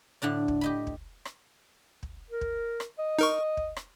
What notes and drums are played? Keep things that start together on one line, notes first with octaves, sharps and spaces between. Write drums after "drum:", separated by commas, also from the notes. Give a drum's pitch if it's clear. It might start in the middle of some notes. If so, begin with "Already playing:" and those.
A2 D3 D4 D5
drum: kick
G4 D#5 B5
drum: kick
drum: rim click
drum: kick
A#4
drum: kick
drum: rim click
D#5
D#4 A#4 C#6
drum: kick
drum: rim click